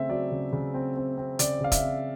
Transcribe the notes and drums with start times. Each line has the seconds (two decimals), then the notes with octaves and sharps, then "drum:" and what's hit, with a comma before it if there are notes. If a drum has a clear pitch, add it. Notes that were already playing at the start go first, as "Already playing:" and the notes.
Already playing: C#3 A3 C4 E5
0.09 F#3 D5
0.31 C#3
0.53 C#3
0.74 C4
0.96 C4
1.18 C4
1.39 C#3 D5, drum: hi-hat
1.61 C#3 F5
1.72 E5, drum: kick, hi-hat
1.83 C4